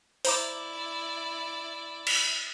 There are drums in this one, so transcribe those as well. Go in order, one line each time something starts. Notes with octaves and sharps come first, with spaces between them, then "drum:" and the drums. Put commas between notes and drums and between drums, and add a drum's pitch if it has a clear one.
E4 C5 D5 A#5 D6, drum: open hi-hat
drum: cymbal